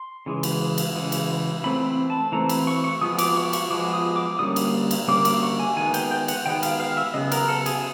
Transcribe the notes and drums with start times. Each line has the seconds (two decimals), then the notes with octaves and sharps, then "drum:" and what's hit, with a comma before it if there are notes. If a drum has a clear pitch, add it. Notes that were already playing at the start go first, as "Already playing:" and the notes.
Already playing: C6
0.26 C#3 E3 G#3
0.43 drum: cymbal
0.78 drum: cymbal
0.95 C#3 E3 G#3
1.12 drum: cymbal
1.63 E3 A3 C4 B5
1.87 B5
2.10 A5
2.32 E3 A3 C4 A#5
2.49 B5, drum: cymbal
2.67 C#6
2.84 C#6
3.01 F3 G#3 B3 D#6
3.19 D6, drum: cymbal
3.36 C#6
3.53 C#6, drum: cymbal
3.70 F3 G#3 B3 D6
3.93 D#6
4.16 D6
4.39 D3 G3 A#3 C#4 D#6
4.56 drum: cymbal
4.91 drum: cymbal
5.08 D3 G3 A#3 C#4 D6
5.25 D6, drum: cymbal
5.42 C#6
5.59 G#5
5.76 D#3 G#3 B3 G#5
5.94 G5, drum: cymbal
6.11 G5
6.28 F#5, drum: cymbal
6.46 D#3 G#3 B3 G5
6.63 F5, drum: cymbal
6.80 F5
6.97 E5
7.14 C#3 F#3 B3 D#5
7.32 A#4, drum: cymbal
7.49 A4
7.66 G#4, drum: cymbal